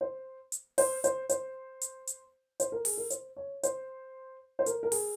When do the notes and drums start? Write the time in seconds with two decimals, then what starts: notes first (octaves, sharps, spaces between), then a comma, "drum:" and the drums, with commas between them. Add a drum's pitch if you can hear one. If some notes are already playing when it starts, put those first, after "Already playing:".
0.01 C5
0.52 drum: hi-hat
0.78 C5, drum: open hi-hat
1.04 C5, drum: hi-hat
1.29 C5, drum: hi-hat
1.81 drum: hi-hat
2.07 drum: hi-hat
2.60 C5, drum: hi-hat
2.72 A#4
2.85 G#4, drum: open hi-hat
2.97 A#4
3.10 C5, drum: hi-hat
3.36 C#5
3.63 C5, drum: hi-hat
4.59 C5
4.66 A#4, drum: hi-hat
4.83 A#4
4.92 G#4, drum: open hi-hat